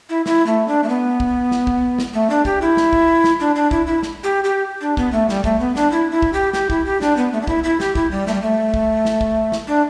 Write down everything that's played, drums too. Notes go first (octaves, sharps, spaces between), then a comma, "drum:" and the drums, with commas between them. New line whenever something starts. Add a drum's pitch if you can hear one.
E4
E4, drum: snare
A3
D4
A3
B3
drum: kick
drum: snare
drum: kick
drum: snare
A3
D4
G4, drum: kick
E4
drum: snare
drum: kick
drum: snare
D4
D4
E4, drum: kick
E4
drum: snare
G4
G4
D4
B3, drum: kick
A3
G3, drum: snare
A3, drum: kick
B3
D4, drum: snare
E4
E4
drum: kick
G4
G4, drum: snare
E4, drum: kick
G4
D4, drum: snare
B3
A3
D4
E4, drum: kick
E4
G4, drum: snare
E4, drum: kick
G3
A3, drum: snare
G3
A3
drum: kick
drum: snare
drum: kick
drum: snare
D4